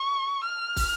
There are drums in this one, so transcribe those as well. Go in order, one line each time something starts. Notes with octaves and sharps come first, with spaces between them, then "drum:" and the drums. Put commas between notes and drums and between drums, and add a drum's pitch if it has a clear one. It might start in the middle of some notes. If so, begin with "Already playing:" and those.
Already playing: C#6
F6
drum: kick, open hi-hat